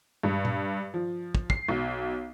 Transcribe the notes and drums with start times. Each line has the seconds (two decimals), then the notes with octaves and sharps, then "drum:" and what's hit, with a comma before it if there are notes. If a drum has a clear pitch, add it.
0.23 G2
0.45 drum: tom
0.94 F3
1.35 drum: kick
1.50 C7, drum: kick
1.69 B1